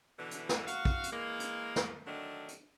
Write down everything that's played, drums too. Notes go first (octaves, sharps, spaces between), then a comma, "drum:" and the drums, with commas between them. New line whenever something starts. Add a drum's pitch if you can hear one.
B2 D3 E3
drum: hi-hat
drum: snare
F#4 F5, drum: hi-hat
drum: kick
drum: hi-hat
E3 G#3 A#3
drum: hi-hat
drum: snare
D3 D#3 F#3 A3 D4
drum: hi-hat